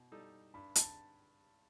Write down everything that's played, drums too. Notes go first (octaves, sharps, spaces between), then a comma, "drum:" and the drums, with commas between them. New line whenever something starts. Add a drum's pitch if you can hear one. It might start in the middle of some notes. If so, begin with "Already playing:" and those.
Already playing: B2
G3 D#4 A4
G2 B5
A5, drum: hi-hat